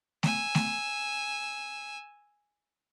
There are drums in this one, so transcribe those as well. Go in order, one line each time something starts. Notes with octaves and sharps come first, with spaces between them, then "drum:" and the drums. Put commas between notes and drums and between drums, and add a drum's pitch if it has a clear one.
G#5 E6, drum: snare A3
drum: snare A3